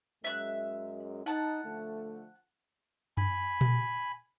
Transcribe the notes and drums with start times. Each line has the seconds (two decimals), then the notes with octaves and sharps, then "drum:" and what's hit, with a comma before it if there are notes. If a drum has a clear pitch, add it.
0.24 F#2 G#3 E5 F#6
1.26 D#4 F#5 A5
1.64 D3 F3 A3
3.17 G#5 B5, drum: tom F#2
3.61 drum: tom A#2